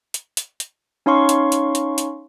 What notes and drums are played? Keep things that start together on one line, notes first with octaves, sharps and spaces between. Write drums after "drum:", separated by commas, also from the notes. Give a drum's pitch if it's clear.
drum: hi-hat
drum: hi-hat
drum: hi-hat
C#4 D#4 C#5 F5 C6 C#6
drum: hi-hat
drum: hi-hat
drum: hi-hat
drum: hi-hat